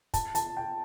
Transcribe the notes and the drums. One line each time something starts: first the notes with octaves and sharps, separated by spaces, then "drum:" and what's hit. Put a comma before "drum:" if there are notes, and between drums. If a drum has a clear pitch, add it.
A5, drum: kick, hi-hat
A5, drum: hi-hat
G5